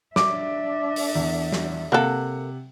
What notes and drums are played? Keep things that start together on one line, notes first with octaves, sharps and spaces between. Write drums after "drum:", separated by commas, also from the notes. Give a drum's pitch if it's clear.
D4 E5 D6, drum: snare
drum: open hi-hat
E2
drum: snare
C3 A#3 A4 F#5 F#6